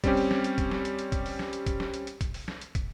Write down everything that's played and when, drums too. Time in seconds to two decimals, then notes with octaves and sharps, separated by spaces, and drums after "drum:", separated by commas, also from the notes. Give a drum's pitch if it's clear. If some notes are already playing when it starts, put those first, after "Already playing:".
0.04 G3 C4 C#4 G4, drum: kick, hi-hat
0.17 drum: open hi-hat
0.31 drum: snare
0.44 drum: hi-hat
0.58 drum: kick, hi-hat
0.71 drum: snare
0.85 drum: hi-hat
0.99 drum: hi-hat
1.12 drum: kick, hi-hat
1.26 drum: open hi-hat
1.39 drum: snare
1.53 drum: hi-hat
1.66 drum: kick, hi-hat
1.80 drum: snare
1.94 drum: hi-hat
2.07 drum: hi-hat
2.21 drum: kick, hi-hat
2.34 drum: open hi-hat
2.48 drum: snare
2.61 drum: hi-hat
2.75 drum: kick, hi-hat